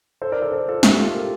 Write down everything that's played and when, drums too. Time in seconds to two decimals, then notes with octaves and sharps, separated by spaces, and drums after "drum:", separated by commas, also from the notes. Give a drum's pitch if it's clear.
0.22 A4 C5
0.32 A#4 D5
0.42 A4 C5
0.52 A4 C5
0.68 F4 A4
0.83 E4 G4, drum: snare
0.99 F4 A4
1.14 G4 A#4